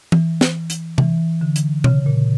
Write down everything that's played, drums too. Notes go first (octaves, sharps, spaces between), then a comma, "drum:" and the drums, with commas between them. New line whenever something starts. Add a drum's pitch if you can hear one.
E3, drum: tom
drum: snare
drum: hi-hat
E3, drum: tom C3
D3
drum: hi-hat
C#3, drum: tom B2
A#2